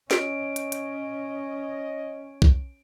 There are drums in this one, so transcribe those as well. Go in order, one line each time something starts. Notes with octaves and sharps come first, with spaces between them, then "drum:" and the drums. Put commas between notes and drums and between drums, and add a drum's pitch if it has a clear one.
C#4 C#5 D#5 D7, drum: snare
drum: hi-hat
drum: hi-hat
drum: kick B1